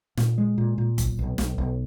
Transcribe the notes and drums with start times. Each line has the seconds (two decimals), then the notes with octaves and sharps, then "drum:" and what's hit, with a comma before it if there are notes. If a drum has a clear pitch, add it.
0.17 A#2, drum: snare
0.38 G#3
0.58 A#2
0.78 A#2
0.98 B1, drum: kick, hi-hat
1.19 B1
1.38 B1, drum: snare
1.58 B1